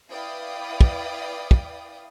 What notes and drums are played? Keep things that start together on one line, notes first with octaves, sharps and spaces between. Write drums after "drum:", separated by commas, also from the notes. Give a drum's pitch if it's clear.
E4 B4 D5 F5 G5 D#6
drum: kick
drum: kick